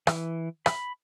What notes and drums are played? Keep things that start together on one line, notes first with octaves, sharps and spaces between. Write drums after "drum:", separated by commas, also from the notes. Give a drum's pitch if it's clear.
E3, drum: rim click
B5, drum: rim click